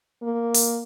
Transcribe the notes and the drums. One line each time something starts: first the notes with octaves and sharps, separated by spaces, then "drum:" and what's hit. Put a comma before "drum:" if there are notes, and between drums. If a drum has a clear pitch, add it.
A#3
drum: open hi-hat